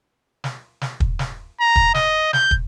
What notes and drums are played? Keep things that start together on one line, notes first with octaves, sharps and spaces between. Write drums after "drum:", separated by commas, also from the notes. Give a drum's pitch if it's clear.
drum: snare
drum: snare
drum: kick
drum: snare
A#5
drum: kick
D#5, drum: snare
G6, drum: snare
drum: kick